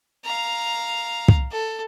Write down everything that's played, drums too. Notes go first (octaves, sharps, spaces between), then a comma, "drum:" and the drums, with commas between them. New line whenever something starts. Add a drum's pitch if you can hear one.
F5 A#5
drum: kick
A4